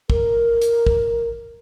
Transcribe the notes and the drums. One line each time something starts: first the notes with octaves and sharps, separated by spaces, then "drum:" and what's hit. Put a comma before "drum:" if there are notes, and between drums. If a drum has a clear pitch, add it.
A#4, drum: kick
drum: hi-hat
drum: kick